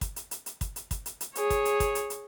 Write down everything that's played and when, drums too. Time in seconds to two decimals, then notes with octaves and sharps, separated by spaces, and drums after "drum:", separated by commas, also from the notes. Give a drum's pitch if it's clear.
0.01 drum: kick, hi-hat
0.16 drum: hi-hat
0.31 drum: hi-hat
0.46 drum: hi-hat
0.61 drum: kick, hi-hat
0.76 drum: hi-hat
0.91 drum: kick, hi-hat
1.06 drum: hi-hat
1.21 drum: hi-hat
1.35 G#4 C#5, drum: hi-hat
1.50 drum: kick, hi-hat
1.65 drum: hi-hat
1.80 drum: kick, hi-hat
1.95 drum: hi-hat
2.10 drum: hi-hat